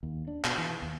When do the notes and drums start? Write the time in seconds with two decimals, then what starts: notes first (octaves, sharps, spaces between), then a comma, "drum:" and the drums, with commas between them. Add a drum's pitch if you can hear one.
0.03 D#2
0.27 D4
0.44 B2, drum: clap
0.58 E3
0.82 D#2